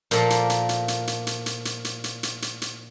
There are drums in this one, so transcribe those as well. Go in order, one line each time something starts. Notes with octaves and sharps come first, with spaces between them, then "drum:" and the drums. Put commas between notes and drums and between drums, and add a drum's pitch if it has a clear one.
A#2 F3 A#3 A4, drum: hi-hat
drum: hi-hat
drum: hi-hat
drum: hi-hat
drum: hi-hat
drum: hi-hat
drum: hi-hat
drum: hi-hat
drum: hi-hat
drum: hi-hat
drum: hi-hat
drum: hi-hat
drum: hi-hat
drum: hi-hat